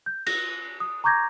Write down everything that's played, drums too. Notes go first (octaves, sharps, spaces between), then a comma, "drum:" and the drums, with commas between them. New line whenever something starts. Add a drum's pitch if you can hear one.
G6
A#6, drum: cymbal
D#6
A#5 C#6 D6 G6 G#6 A#6